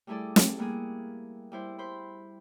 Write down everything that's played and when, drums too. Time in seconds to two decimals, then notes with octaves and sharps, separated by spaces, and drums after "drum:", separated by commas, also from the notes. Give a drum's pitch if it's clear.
0.07 G3 A3 E4 G#4 A4 D5
0.36 drum: snare
0.58 G3 A#3 B3 E4 G#4
1.52 G3 E4 C5
1.78 C5 B5 C6